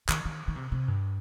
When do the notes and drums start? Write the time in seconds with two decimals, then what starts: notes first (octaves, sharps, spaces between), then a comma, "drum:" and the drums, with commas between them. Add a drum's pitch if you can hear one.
0.09 D#3, drum: clap
0.25 D#3
0.48 D#3
0.56 C3
0.72 C3
0.88 G2